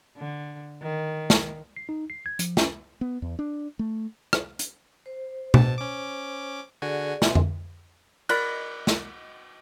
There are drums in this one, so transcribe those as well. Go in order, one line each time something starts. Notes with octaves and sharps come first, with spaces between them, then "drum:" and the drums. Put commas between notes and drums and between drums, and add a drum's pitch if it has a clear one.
D3
D#3
drum: snare
C7
D#4
C7
G#6
F3, drum: hi-hat
C#4, drum: snare
B3
E2
D4
A3
drum: rim click
drum: hi-hat
C5
B2 A5, drum: tom B2
C#4 D6
D3 F#4 G#4 D5 G#5
B2 E5 G#5 C6, drum: snare
drum: tom F2
A#4 D5 B5 F#6, drum: cymbal
drum: snare